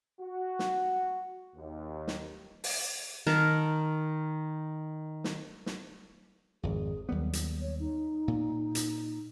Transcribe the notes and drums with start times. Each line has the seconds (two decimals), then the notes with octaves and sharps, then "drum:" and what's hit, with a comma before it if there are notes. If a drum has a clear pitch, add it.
0.21 F#4
0.59 drum: snare
1.56 D#2
2.08 drum: snare
2.64 drum: open hi-hat
3.27 D#3 A#4 A5 A#5, drum: snare
5.24 drum: snare
5.66 drum: snare
6.63 G#1 F2 G#4
7.09 D#2 F#3 G3 B3
7.33 drum: hi-hat
7.61 C#5
7.80 D#4
8.28 A#2
8.75 drum: hi-hat